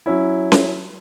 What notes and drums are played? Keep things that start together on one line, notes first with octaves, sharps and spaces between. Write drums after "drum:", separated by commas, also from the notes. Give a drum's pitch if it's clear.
F#3 C#4 E4
drum: snare C#4